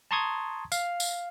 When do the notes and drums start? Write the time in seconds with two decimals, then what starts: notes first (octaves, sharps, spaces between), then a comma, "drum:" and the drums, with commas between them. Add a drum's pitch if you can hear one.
0.11 A5 A#5 C6 C#6 D#6 G#6
0.72 F5, drum: tambourine
1.00 drum: tambourine